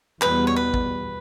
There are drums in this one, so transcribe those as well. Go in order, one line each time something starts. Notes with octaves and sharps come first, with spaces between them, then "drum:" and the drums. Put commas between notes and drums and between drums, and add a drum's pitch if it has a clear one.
E2 B2 G3 B3 B4, drum: clap
C#5
B4
drum: kick A1